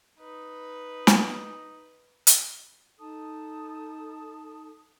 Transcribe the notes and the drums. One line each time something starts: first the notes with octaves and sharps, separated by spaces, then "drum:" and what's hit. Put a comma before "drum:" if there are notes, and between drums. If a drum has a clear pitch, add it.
D#4 B4
drum: snare
drum: hi-hat
D#4 A4 A5 D#6